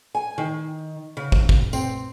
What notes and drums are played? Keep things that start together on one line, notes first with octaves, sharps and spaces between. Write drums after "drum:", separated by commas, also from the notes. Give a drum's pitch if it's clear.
G#5
D#3
C#3
drum: kick
drum: kick
C4, drum: tambourine